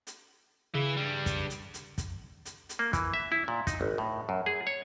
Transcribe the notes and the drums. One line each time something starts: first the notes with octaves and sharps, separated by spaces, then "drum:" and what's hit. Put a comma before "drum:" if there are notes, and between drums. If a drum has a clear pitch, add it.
drum: hi-hat
C#3 E3 E4
G2 G3
drum: kick, hi-hat
drum: hi-hat
drum: hi-hat
drum: kick, hi-hat
drum: hi-hat
drum: hi-hat
A#3
E3, drum: kick, hi-hat
E5
E4
A#2
D#4, drum: kick, hi-hat
G#1
A2
F#2
G#4
C#5